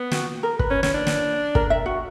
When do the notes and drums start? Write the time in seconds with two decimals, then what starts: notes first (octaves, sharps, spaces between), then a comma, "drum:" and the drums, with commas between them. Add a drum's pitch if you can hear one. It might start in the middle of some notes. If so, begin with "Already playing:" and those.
Already playing: B3
0.11 F#4, drum: snare
0.43 A#4
0.59 B4, drum: kick
0.70 C#4
0.83 C#4, drum: snare
0.94 D4
1.07 drum: snare
1.55 A#4, drum: kick
1.70 E5
1.86 F#4